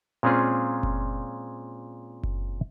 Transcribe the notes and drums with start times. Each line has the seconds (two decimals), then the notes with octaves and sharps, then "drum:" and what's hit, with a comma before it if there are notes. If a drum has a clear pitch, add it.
0.23 A#2 G#3 C4 C#4 F4 G#4
0.83 drum: kick F#1
2.23 drum: kick F#1